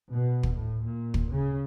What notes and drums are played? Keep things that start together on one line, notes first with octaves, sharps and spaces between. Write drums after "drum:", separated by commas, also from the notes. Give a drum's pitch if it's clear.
B2
drum: kick
A2
A#2
drum: kick
C#3